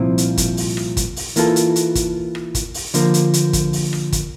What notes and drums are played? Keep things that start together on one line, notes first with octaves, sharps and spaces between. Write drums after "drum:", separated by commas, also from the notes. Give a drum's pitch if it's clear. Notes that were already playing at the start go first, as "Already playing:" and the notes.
Already playing: C2 A#2 F3 C4 E4
drum: hi-hat
drum: kick, hi-hat
drum: open hi-hat
drum: rim click
drum: kick, hi-hat
drum: open hi-hat
E3 A#3 F4 A4, drum: hi-hat
drum: hi-hat
drum: hi-hat
drum: kick, hi-hat
drum: rim click
drum: kick, hi-hat
drum: open hi-hat
D3 F3 A#3, drum: hi-hat
drum: hi-hat
drum: hi-hat
drum: kick, hi-hat
drum: open hi-hat
drum: rim click
drum: kick, hi-hat